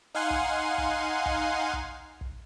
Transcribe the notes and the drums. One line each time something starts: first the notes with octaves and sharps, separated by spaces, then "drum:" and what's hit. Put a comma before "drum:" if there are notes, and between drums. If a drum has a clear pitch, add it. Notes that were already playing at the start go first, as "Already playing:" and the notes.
D#4 F5 F#5 G#5 C6
drum: kick
drum: kick
drum: kick
drum: kick
drum: kick